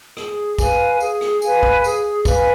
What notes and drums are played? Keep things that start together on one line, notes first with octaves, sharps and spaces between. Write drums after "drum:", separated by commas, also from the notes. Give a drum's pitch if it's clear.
G#4, drum: rim click
B4 F5 G#5, drum: kick, tambourine
G#4, drum: tambourine
drum: rim click
B4 F5 G#5, drum: tambourine
drum: kick
G#4, drum: tambourine
B4 F5 G#5, drum: kick, tambourine